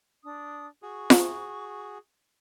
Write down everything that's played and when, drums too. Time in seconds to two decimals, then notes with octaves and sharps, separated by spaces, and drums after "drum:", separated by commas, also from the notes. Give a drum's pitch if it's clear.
0.25 D4 D#6
0.82 F#4 G#4 C#6
1.10 drum: snare F4